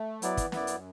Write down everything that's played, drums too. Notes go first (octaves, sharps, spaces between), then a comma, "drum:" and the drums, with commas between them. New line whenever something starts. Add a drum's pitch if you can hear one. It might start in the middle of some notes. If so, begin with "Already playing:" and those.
Already playing: A3
F#3 B3 E4 D5, drum: hi-hat
E3, drum: kick, hi-hat
F#2 B3 E4 D5, drum: snare
drum: hi-hat